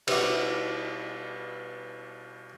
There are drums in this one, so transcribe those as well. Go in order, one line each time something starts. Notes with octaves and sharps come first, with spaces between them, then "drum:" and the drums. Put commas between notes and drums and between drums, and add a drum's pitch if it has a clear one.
B2 G3 B3 E4 F#4 G4, drum: cymbal